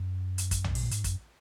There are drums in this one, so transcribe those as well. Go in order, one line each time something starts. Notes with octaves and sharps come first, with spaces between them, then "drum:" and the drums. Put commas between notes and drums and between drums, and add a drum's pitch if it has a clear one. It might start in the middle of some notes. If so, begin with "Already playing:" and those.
Already playing: F#2
drum: hi-hat
drum: kick, hi-hat
drum: tom A#1
B2, drum: open hi-hat
A#2
G#2, drum: hi-hat
F#2, drum: kick, hi-hat